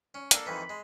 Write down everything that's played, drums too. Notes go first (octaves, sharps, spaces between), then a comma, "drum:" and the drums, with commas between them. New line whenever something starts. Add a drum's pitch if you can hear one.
C#4
A#3 D4 A4, drum: hi-hat
F2 D#3 E3 B5
G#3